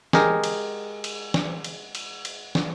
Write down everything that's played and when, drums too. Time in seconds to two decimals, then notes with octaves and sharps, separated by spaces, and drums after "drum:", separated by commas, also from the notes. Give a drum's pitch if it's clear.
0.13 G#3 G4 G#4 A#4, drum: snare
0.44 drum: cymbal
1.04 drum: cymbal
1.34 drum: snare
1.64 drum: cymbal
1.95 drum: cymbal
2.25 drum: cymbal
2.55 drum: snare